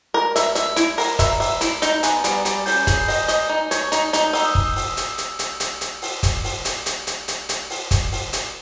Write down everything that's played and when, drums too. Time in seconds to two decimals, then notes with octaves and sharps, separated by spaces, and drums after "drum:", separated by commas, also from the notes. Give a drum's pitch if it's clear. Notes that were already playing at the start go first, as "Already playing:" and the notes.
0.14 A#4 B5
0.36 E5, drum: hi-hat
0.55 E5, drum: hi-hat
0.76 E4, drum: hi-hat
0.98 A#4 B5, drum: open hi-hat
1.19 E5 A#5, drum: kick, hi-hat
1.40 E5, drum: open hi-hat
1.61 E4, drum: hi-hat
1.82 D#4 A#5, drum: hi-hat
2.03 B3 G#5, drum: hi-hat
2.16 B5
2.24 G3 A#5, drum: hi-hat
2.45 G3, drum: hi-hat
2.66 C#4 G6, drum: open hi-hat
2.87 G#4, drum: kick, hi-hat
3.08 D#5, drum: open hi-hat
3.28 D#5, drum: hi-hat
3.49 D#4
3.71 C#5, drum: hi-hat
3.92 D#4, drum: hi-hat
4.13 D#4, drum: hi-hat
4.33 D#4 E6, drum: open hi-hat
4.45 D#6
4.55 drum: kick
4.76 drum: open hi-hat
4.97 drum: hi-hat
5.18 drum: hi-hat
5.39 drum: hi-hat
5.60 drum: hi-hat
5.81 drum: hi-hat
6.02 drum: open hi-hat
6.23 drum: kick, hi-hat
6.44 drum: open hi-hat
6.65 drum: hi-hat
6.86 drum: hi-hat
7.07 drum: hi-hat
7.28 drum: hi-hat
7.49 drum: hi-hat
7.70 drum: open hi-hat
7.91 drum: kick, hi-hat
8.12 drum: open hi-hat
8.33 drum: hi-hat